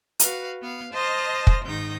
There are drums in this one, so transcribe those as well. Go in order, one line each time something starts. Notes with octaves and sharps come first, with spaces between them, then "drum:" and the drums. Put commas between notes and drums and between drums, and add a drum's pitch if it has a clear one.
F#4 B4 F5, drum: hi-hat
B3 F5
C5 D#5 A5 C6 F6 A#6
drum: kick
G#2 D#3 D#4 G6 A#6